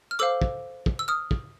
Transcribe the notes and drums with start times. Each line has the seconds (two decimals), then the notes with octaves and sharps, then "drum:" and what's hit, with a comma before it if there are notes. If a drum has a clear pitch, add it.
0.11 F6
0.19 A4 C5 F5 D6 E6
0.42 drum: kick
0.86 drum: kick
0.99 E6
1.08 D#6 F6
1.31 drum: kick